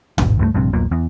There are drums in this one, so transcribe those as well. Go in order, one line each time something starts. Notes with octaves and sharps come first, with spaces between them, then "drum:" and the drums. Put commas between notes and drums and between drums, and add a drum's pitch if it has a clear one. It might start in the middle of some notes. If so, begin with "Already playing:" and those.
E1 A1, drum: tom G#2
C#2 G2 F3 A3
A#1 G2 C3
E1 B1 A#2
E2